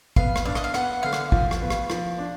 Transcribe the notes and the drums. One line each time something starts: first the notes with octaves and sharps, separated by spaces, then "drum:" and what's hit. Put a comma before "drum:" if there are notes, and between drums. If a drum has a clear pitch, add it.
B3 F5, drum: kick
drum: rim click
D4 F5
D#5, drum: rim click
F5
B3 F#5, drum: rim click
D3 F5
drum: rim click
F3, drum: kick
drum: rim click
B3
drum: rim click
F3, drum: rim click
D4